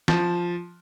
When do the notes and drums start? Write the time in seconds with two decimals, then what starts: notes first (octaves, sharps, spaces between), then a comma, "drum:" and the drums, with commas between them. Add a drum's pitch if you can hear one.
0.08 F3, drum: snare